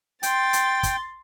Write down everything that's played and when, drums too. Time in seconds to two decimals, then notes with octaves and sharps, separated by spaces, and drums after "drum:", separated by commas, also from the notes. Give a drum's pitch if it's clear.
0.23 G5 C6 A6, drum: hi-hat
0.53 drum: hi-hat
0.83 drum: kick, hi-hat